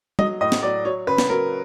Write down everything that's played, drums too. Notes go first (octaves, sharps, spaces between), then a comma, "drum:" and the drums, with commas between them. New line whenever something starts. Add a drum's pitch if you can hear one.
F#3 D#5, drum: tom
A2 D#5
drum: snare
F#3 D5
F#3 C#5
C#3 B4
drum: snare
F#3 A#4